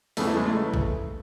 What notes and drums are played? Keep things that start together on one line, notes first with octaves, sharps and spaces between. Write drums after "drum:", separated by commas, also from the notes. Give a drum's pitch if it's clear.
E2 C#3 E3 A3, drum: open hi-hat
A3
G#3
C#3 E3 A3
drum: kick A#1